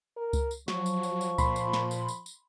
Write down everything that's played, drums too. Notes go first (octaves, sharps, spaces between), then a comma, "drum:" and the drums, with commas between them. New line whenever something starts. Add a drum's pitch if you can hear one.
A#4
drum: kick C#2, tambourine
drum: tambourine
F3 F#3 C#6, drum: snare
drum: tambourine
drum: tambourine
drum: tambourine
A#2 B5 C6, drum: kick C#2, tambourine
drum: tambourine
drum: snare
drum: tambourine
drum: tambourine
drum: tambourine